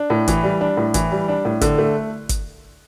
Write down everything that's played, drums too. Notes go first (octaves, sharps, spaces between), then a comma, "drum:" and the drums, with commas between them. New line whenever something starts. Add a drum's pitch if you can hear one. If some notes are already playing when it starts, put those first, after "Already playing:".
Already playing: D4
A2
E3, drum: kick G1, hi-hat
G3
D4
A2
E3, drum: kick G1, hi-hat
G3
D4
A2
D3, drum: kick G1, hi-hat
A3
drum: kick G1, hi-hat